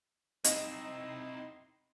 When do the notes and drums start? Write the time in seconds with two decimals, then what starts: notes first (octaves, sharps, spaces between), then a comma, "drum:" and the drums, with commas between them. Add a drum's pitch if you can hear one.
0.44 C4 D#4 E4 D#5 C6, drum: hi-hat